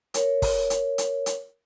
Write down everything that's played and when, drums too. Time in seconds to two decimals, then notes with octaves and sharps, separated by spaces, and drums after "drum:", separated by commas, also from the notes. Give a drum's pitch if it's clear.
0.14 A#4 C#5, drum: hi-hat
0.42 drum: kick, open hi-hat
0.70 drum: hi-hat
0.98 drum: hi-hat
1.26 drum: hi-hat